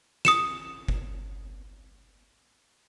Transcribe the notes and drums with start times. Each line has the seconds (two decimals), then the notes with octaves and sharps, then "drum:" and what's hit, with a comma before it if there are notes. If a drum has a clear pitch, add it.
0.25 D#6 C#7 E7, drum: snare
0.88 drum: kick